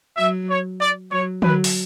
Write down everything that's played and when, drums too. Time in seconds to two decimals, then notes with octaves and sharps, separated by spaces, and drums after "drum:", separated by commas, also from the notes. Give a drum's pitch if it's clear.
0.17 F#3 E5
0.49 C#5
0.81 D5
1.11 F#3 C#5
1.42 F#3 B4, drum: tom
1.64 drum: open hi-hat